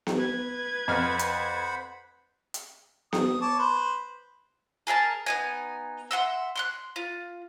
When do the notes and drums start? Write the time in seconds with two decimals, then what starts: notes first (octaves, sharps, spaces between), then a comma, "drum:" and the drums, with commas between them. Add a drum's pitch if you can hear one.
0.07 drum: snare B3
0.17 B4 G#6
0.88 F2 C5 F#5 B5 F6
1.19 drum: hi-hat
2.54 drum: hi-hat
3.13 D#6, drum: snare B3
3.42 C#5 A5 D6
3.59 B4 C5
4.87 G#4 A#4 E5 A5
5.26 B3 D#4 G#5
6.11 E5 F#5 C6 E6
6.56 C6 C#6 F#6
6.96 F4